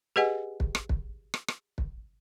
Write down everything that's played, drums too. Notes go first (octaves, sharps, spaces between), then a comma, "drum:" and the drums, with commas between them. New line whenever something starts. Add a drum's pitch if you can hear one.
G4 G#4 B4 D#5 F#5 G#5
drum: kick
drum: rim click
drum: kick
drum: rim click
drum: rim click
drum: kick